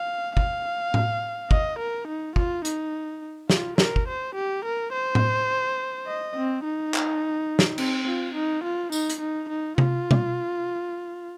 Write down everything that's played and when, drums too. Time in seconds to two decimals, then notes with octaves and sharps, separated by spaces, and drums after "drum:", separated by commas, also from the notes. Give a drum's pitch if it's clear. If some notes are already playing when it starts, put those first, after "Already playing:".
Already playing: F5
0.37 F5, drum: kick
0.94 drum: tom A2
1.51 D#5, drum: kick
1.79 A#4
2.08 D#4
2.36 F4, drum: kick
2.65 D#4, drum: hi-hat
3.50 F4, drum: snare
3.78 A#4, drum: snare
3.96 drum: kick
4.08 C5
4.35 G4
4.65 A#4
4.92 C5
5.15 drum: tom A2
6.07 D#5
6.36 C4
6.64 D#4
6.94 drum: clap
7.59 drum: snare
7.78 C4, drum: cymbal
8.06 F4
8.34 D#4
8.63 F4
8.92 D#4, drum: tambourine
9.10 drum: hi-hat
9.20 D#4
9.49 D#4
9.78 F4, drum: tom C3
10.11 drum: tom B2